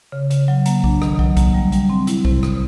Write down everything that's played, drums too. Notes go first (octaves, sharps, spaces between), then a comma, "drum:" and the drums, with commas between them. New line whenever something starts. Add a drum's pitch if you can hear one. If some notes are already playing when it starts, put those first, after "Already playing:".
C#3
C#3, drum: hi-hat
F#3
A#3, drum: hi-hat
D4, drum: kick
D#3, drum: rim click
F#3, drum: kick
A#3, drum: kick, hi-hat
G3
G3, drum: hi-hat
C4
E4, drum: hi-hat
C3, drum: kick
C3, drum: rim click